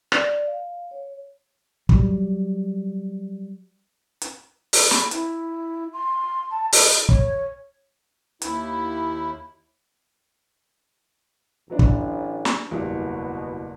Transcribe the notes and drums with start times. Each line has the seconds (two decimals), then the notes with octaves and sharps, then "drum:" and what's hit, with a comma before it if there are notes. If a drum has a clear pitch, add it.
0.12 D5, drum: rim click
0.47 F5
0.91 C#5
1.89 F#3 G3, drum: kick
4.22 drum: hi-hat
4.73 drum: open hi-hat
4.91 B5, drum: snare
5.11 E4, drum: hi-hat
5.93 C6
6.51 A5
6.73 D#5, drum: open hi-hat
7.09 C#5, drum: kick
8.42 D#2 E4, drum: hi-hat
11.70 A1 F#3 B3 D4
11.79 drum: kick
12.45 drum: snare
12.71 F#1 E2 B2 G3